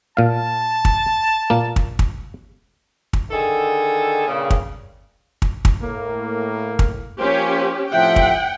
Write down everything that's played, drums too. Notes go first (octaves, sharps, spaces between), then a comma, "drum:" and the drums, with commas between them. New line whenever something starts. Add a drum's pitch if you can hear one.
A#2 F5 A5
drum: kick
A#2 A#3
drum: kick
drum: kick
drum: kick
D3 D#3 G#4 A4
G2 A#2 C#3
drum: kick
drum: kick
drum: kick
A2 A#3
drum: kick
F3 A#3 C#4 G4 C5
A2 C3 F3 E5 F#5 G5
drum: kick